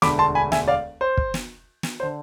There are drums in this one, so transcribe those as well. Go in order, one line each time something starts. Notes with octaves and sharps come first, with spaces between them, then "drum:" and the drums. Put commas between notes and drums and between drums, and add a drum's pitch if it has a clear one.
E1 D2 D3 A3 B5 D6, drum: snare
A5 C6
G#5 B5
E5 G#5, drum: snare
D5 F5
C5
drum: kick
drum: snare
drum: snare
C5
D3